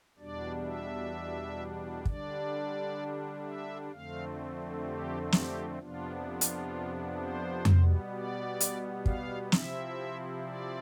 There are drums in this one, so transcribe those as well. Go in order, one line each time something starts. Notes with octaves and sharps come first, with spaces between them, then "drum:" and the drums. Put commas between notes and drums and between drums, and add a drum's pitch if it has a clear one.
E2 B2 G3 D4 D5
E5
D3 G3 D4 D5, drum: kick
E5
F2 D3 A3 C4 F5
G4
G4, drum: snare
F2 C3 F3 B3 D4 F4
F4
drum: hi-hat
C5
B2 G3 B3, drum: tom F2
D5
drum: hi-hat
F5, drum: kick
C3 F3 C4 E4 E5, drum: snare
D5